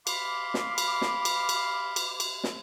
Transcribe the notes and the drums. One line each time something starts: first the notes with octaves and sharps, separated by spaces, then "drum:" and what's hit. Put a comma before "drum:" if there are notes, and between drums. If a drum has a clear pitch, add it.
F5 B5 C6 D6, drum: cymbal
drum: snare
drum: cymbal
drum: snare
drum: cymbal
drum: cymbal
drum: cymbal
drum: cymbal
drum: snare